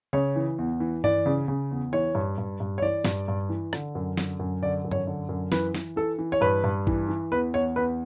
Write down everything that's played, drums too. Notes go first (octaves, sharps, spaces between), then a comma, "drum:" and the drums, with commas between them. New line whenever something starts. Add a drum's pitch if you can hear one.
C#3 C#5
E3
E2
E3
E3 D5, drum: tom G2
C#3
C#3
E2
E3 C#5
G2
G2
G2
C#5
E3 D5
G2, drum: snare
G2
E3
D3, drum: rim click
F#2
D3, drum: snare
F#2
D3 D5
F#2
C#5, drum: tom G2
D3
F#2
E3 B4, drum: snare
E3, drum: snare
E3 A4
E3
C#5
G2 B4
G2
E3, drum: kick
E3
E2 B4
E2 C#5
E2 B4